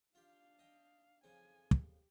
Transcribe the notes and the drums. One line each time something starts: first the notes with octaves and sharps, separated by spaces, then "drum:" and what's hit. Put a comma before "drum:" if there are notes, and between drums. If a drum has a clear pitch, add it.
D4 F4 G4 F5
D#5 G5
F2 C#3 F3 G#5
G4, drum: kick